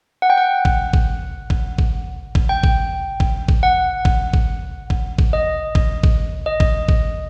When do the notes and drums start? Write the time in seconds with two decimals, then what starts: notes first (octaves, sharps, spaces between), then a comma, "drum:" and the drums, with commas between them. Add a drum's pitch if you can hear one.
0.22 F#5
0.30 G5
0.37 F#5
0.65 drum: kick
0.93 drum: kick
1.50 drum: kick
1.78 drum: kick
2.35 drum: kick
2.49 G5
2.63 drum: kick
3.20 drum: kick
3.48 drum: kick
3.63 F#5
4.05 drum: kick
4.33 drum: kick
4.90 drum: kick
5.18 drum: kick
5.33 D#5
5.75 drum: kick
6.03 drum: kick
6.46 D#5
6.60 drum: kick
6.88 drum: kick